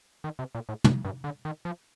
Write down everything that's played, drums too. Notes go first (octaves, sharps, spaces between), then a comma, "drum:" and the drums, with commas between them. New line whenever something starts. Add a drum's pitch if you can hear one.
D#3
C3
A#2
A2
G2, drum: tom
G2
D3
D#3
F3